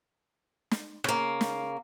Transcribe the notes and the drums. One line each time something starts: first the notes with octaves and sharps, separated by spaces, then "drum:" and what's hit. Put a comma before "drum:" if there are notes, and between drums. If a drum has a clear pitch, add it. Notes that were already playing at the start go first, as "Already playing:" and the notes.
drum: snare
C#3 A#3, drum: rim click
drum: snare